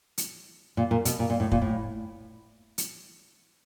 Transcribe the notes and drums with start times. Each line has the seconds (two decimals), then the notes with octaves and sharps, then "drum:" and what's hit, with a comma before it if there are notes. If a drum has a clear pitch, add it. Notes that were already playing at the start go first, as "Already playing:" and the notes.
0.18 drum: hi-hat
0.77 A#2
0.91 A#2
1.05 B2, drum: hi-hat
1.19 A#2
1.30 A#2
1.40 A2
1.52 A#2, drum: kick
1.62 A2
2.78 drum: hi-hat